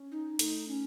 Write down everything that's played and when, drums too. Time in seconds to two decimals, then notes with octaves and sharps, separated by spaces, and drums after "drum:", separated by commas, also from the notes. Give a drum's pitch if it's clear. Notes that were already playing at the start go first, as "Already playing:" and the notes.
Already playing: C#4
0.12 D#4
0.39 A3 D#4, drum: hi-hat
0.68 C#4